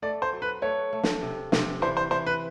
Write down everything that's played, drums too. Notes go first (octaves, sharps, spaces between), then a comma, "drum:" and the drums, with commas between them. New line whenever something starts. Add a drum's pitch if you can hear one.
A3 D5
C5
F#3
B4
A3 C#5
A3
drum: snare
C3
C3, drum: snare
E3 C5
C5
E3 C5
B4